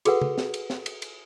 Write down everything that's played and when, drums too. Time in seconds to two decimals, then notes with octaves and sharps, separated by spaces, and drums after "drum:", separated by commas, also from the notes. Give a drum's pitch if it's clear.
0.05 F#4 G#4 A4 B4 F#5, drum: cymbal
0.22 drum: tom C#3
0.38 drum: snare
0.54 drum: cymbal
0.70 drum: snare
0.86 drum: cymbal
1.02 drum: cymbal